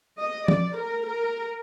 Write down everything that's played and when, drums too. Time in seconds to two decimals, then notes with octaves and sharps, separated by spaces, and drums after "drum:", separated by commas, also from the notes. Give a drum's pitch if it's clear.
0.19 D#5
0.48 D5, drum: tom
0.77 A#4
1.06 A#4